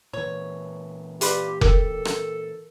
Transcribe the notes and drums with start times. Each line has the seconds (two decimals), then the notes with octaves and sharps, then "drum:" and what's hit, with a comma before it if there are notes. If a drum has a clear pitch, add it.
0.13 A#2 E3 C#5
1.21 F4 G4 B4 D5, drum: hi-hat
1.61 G4 A4 A#4, drum: kick F1
2.05 drum: rim click